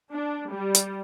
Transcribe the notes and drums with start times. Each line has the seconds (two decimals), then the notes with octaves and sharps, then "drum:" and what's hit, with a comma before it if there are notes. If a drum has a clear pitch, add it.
0.14 D4
0.50 G3
0.75 drum: hi-hat